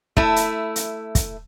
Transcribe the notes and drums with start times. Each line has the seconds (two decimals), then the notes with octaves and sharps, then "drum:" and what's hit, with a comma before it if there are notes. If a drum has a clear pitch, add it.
0.17 A3 E4, drum: kick
0.36 drum: hi-hat
0.76 drum: hi-hat
1.15 drum: kick, hi-hat